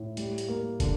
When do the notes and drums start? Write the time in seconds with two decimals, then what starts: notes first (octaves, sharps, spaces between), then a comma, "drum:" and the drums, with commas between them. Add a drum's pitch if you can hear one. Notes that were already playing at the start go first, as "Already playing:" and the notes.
Already playing: A2
0.17 G3, drum: hi-hat
0.38 drum: hi-hat
0.48 A#3
0.80 D3, drum: kick, hi-hat